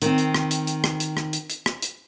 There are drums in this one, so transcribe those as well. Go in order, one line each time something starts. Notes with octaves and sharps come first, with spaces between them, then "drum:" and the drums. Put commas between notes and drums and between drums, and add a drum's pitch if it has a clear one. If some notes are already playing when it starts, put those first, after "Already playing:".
D#3 C4, drum: hi-hat
drum: hi-hat
drum: rim click
drum: hi-hat
drum: hi-hat
drum: rim click
drum: hi-hat
drum: rim click
drum: hi-hat
drum: hi-hat
drum: rim click
drum: hi-hat